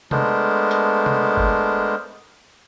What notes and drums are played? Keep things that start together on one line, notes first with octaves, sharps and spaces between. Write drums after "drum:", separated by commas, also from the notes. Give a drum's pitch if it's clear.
G#3 A3 B3 D4 A#4 C5, drum: tom
drum: hi-hat
drum: tom C3
drum: kick